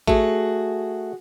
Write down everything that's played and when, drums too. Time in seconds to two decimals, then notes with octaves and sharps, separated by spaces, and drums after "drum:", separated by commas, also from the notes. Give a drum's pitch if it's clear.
0.08 A3 F#4 G#4, drum: kick G#1